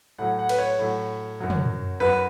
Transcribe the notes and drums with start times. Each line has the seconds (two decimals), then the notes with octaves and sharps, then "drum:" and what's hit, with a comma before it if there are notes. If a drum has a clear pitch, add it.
0.18 A2 F#3 F#5
0.39 F#5
0.49 B4, drum: cymbal
0.59 C#5
0.79 A2 F#3
1.40 F#2 F#3
1.50 drum: tom
2.00 F#2 F#3 B4